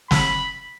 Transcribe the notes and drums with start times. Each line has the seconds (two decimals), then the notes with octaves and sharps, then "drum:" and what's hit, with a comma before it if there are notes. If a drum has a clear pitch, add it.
0.11 B5, drum: snare